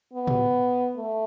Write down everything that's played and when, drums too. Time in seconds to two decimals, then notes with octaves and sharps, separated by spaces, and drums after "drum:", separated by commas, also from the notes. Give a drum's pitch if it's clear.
0.13 B3
0.27 drum: tom A2
0.96 A3